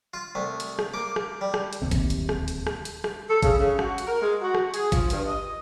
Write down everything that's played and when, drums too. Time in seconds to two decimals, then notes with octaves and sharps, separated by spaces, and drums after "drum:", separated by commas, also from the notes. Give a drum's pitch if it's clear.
0.14 F4
0.35 C2 A3
0.60 drum: hi-hat
0.79 drum: rim click
0.94 A#3 D6
1.16 drum: rim click
1.41 G3
1.54 drum: rim click
1.73 drum: hi-hat
1.82 D1 G#1 D#2 C3
1.91 drum: kick, hi-hat
2.10 drum: hi-hat
2.29 drum: rim click
2.48 drum: hi-hat
2.67 drum: rim click
2.85 drum: hi-hat
3.04 drum: rim click
3.29 A4
3.42 C#3, drum: kick, hi-hat
3.60 C#3
3.79 F#4, drum: rim click
3.98 drum: hi-hat
4.07 A#4
4.21 G#3
4.41 F#4
4.54 drum: rim click
4.74 G#4, drum: hi-hat
4.92 F3, drum: kick, hi-hat
5.10 G2, drum: hi-hat
5.26 D#5